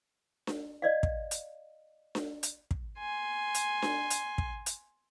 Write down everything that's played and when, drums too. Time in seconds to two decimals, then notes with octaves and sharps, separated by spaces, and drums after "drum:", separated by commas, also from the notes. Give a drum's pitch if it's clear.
0.47 drum: snare D4
0.82 D5 D#5 F5
1.03 drum: kick
1.31 drum: hi-hat
2.15 drum: snare D4
2.43 drum: hi-hat
2.71 drum: kick
2.99 G#5 C6
3.54 drum: hi-hat
3.82 drum: snare D4
4.10 drum: hi-hat
4.38 drum: kick
4.66 drum: hi-hat